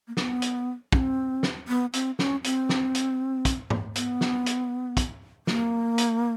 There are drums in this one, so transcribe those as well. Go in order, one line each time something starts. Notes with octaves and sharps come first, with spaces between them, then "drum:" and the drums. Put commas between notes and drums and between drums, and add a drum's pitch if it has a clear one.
A#3
B3, drum: snare
drum: hi-hat
C#4, drum: kick
C4
drum: snare
B3
C4, drum: hi-hat
C#4, drum: snare
C4, drum: hi-hat
drum: snare
drum: hi-hat
drum: kick, hi-hat
drum: tom G#2
B3, drum: hi-hat
drum: snare
drum: hi-hat
drum: kick, hi-hat
A#3, drum: snare
drum: hi-hat